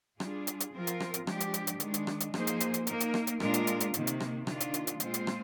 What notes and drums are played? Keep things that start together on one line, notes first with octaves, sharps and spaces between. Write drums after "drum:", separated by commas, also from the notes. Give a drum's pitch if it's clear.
G3 D4 F4 G#4, drum: rim click
drum: hi-hat
drum: hi-hat
F3 C4 F4 A#4
drum: hi-hat
drum: rim click
drum: hi-hat
F3 G#3 D4 G4, drum: rim click
drum: hi-hat
drum: hi-hat
drum: hi-hat
D#3 G#3 D4, drum: hi-hat
drum: hi-hat
drum: rim click
drum: hi-hat
F3 A#3 D#4 G#4 C5, drum: rim click
drum: hi-hat
drum: hi-hat
drum: hi-hat
A#3 D#4 A#4, drum: hi-hat
drum: hi-hat
drum: rim click
drum: hi-hat
A#2 G#3 D4 F4 A#4, drum: rim click
drum: hi-hat
drum: hi-hat
drum: hi-hat
C3 D#3 A#3, drum: hi-hat
drum: hi-hat
drum: rim click
D#3 A#3 D4 F4, drum: rim click
drum: hi-hat
drum: hi-hat
drum: hi-hat
A#2 G#3 C4 F4 C5, drum: hi-hat
drum: hi-hat
drum: rim click